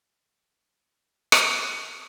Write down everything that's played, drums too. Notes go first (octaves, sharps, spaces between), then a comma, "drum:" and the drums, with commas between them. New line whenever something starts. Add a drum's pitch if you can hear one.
G1 E4
drum: rim click